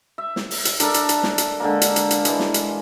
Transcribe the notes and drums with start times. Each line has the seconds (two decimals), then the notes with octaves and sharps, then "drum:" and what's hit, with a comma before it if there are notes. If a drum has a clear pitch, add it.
0.18 E5
0.36 drum: snare
0.51 drum: open hi-hat
0.65 drum: hi-hat
0.80 D4 A4 A#4, drum: hi-hat
0.94 drum: hi-hat
1.09 drum: hi-hat
1.23 drum: snare
1.38 drum: hi-hat
1.60 D3 G#3 A#3
1.82 drum: hi-hat
1.96 drum: hi-hat
2.11 drum: hi-hat
2.25 E3 G#3, drum: hi-hat
2.40 drum: snare
2.54 drum: hi-hat